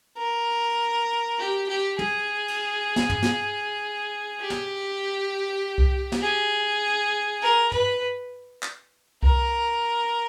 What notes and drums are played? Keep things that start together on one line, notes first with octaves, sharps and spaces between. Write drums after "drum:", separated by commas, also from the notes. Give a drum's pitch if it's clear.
A#4
G4
G4
G#4, drum: tom
drum: cymbal
drum: snare
drum: tom
drum: snare
G4
drum: snare
drum: kick C2
drum: snare
G#4
A#4
B4, drum: tom
drum: clap
A#4, drum: kick C2